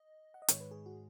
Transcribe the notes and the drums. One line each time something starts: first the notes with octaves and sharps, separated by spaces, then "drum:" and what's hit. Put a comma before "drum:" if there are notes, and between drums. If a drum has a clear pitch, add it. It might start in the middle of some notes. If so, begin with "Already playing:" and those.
Already playing: D#5
F#5
D#5
G#2 D#3 G#3 C#5, drum: hi-hat
B4
G#4
F#4